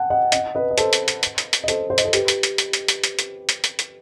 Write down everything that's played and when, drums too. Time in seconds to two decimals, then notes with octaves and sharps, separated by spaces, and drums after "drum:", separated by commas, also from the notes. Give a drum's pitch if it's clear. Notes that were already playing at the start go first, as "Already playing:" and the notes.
Already playing: F#5 G5 A5
0.10 D#5 F#5
0.32 D#5 F#5, drum: hi-hat
0.55 B4 D#5
0.71 D#5
0.78 A4 C5, drum: hi-hat
0.93 drum: hi-hat
1.08 drum: hi-hat
1.23 drum: hi-hat
1.38 drum: hi-hat
1.53 drum: hi-hat
1.64 D#5
1.68 A4 C5, drum: hi-hat
1.90 C5
1.98 D#5, drum: hi-hat
2.05 A4 C5
2.13 G4 B4, drum: hi-hat
2.28 drum: hi-hat
2.43 drum: hi-hat
2.58 drum: hi-hat
2.73 drum: hi-hat
2.88 drum: hi-hat
3.04 drum: hi-hat
3.19 drum: hi-hat
3.49 drum: hi-hat
3.64 drum: hi-hat
3.79 drum: hi-hat